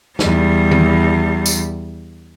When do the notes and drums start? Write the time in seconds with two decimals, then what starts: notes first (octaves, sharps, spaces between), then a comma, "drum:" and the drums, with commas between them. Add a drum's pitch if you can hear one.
0.19 E2 G3, drum: snare
0.71 drum: tom D#3
1.46 drum: tambourine